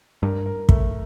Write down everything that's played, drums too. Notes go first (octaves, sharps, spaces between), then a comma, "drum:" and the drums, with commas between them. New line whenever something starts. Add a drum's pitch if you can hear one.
G2 A#4
A#4
A3, drum: kick